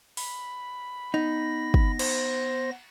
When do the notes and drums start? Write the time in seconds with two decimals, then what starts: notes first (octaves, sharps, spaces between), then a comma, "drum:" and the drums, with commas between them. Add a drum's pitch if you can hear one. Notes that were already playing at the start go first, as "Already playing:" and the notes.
0.17 B5, drum: open hi-hat
1.14 B3 D#4 A#6
1.74 drum: kick
1.99 C5, drum: cymbal